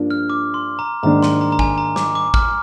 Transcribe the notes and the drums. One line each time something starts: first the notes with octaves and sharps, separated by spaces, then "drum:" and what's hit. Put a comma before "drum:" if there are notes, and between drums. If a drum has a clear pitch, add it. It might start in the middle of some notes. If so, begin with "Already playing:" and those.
Already playing: G2 F3 A#3 D4
F6
D6
C6
A#5
G#2 D#3 A#3 D4 A#5
C6, drum: snare
A#5
A#5
G#5, drum: kick
A#5
D6, drum: snare
D6
F6, drum: kick